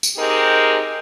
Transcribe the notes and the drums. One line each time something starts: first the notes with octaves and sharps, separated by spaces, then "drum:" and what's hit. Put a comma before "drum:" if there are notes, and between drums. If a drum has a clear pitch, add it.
drum: tambourine
C4 D#4 G4 G#4 A#4